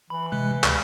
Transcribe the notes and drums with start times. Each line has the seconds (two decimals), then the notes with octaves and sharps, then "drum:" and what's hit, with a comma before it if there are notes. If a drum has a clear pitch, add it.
0.10 E3 B5
0.32 C3 G#3 F#6
0.64 D2, drum: clap